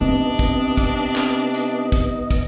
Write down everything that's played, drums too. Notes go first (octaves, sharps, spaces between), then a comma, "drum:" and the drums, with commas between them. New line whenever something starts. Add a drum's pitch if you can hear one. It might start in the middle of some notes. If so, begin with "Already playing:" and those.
C3 B3 C4 D4 D#4 D#5
drum: kick
drum: kick, hi-hat
drum: clap
drum: hi-hat
drum: kick, hi-hat
drum: kick, hi-hat